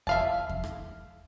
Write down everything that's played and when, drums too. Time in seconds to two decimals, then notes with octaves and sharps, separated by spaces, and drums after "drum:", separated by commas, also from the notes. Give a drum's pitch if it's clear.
0.07 E5 F5 A5, drum: kick E2
0.49 drum: kick E2
0.64 drum: rim click